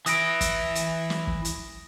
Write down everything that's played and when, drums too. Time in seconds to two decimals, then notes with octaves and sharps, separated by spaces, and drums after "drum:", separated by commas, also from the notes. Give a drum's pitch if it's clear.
0.06 E3 E4 D#6 A#6 D7, drum: hi-hat
0.41 drum: kick, hi-hat
0.75 drum: hi-hat
1.10 drum: snare
1.27 drum: kick
1.45 drum: hi-hat